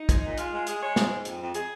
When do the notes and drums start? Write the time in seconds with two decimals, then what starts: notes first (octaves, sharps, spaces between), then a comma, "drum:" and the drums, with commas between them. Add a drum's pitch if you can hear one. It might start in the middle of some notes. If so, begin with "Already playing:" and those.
Already playing: D#4
0.09 G#3, drum: kick, hi-hat
0.24 A#2
0.37 G#3 F4, drum: hi-hat
0.53 G#3
0.67 G#3 G#4, drum: hi-hat
0.82 G#3 C#5
0.96 G#2, drum: snare
1.11 G#2
1.25 F2, drum: hi-hat
1.40 F2
1.54 G#4, drum: hi-hat